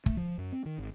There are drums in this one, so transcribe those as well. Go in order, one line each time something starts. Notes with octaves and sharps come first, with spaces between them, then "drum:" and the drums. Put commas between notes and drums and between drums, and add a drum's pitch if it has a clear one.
A3, drum: kick
F3
F#2
C4
D#3
G#1